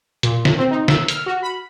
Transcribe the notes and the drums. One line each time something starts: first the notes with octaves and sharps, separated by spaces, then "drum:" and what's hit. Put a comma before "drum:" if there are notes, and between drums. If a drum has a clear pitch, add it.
A#2, drum: hi-hat
drum: snare
C4
D#4
E6, drum: snare
F6, drum: hi-hat
F#4
B5